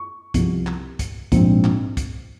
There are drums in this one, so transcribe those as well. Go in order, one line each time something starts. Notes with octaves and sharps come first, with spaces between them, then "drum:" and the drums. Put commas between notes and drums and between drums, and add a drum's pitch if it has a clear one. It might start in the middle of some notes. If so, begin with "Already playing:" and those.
Already playing: C#6
C2 C3 F3, drum: kick, hi-hat
drum: clap
drum: kick, hi-hat
A#1 G#2 F3 C4, drum: kick, hi-hat
drum: clap
drum: kick, hi-hat